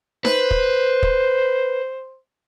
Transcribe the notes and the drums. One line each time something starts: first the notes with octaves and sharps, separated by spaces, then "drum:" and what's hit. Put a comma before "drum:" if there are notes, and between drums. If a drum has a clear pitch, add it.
B4 C5, drum: snare D#4
drum: kick
drum: kick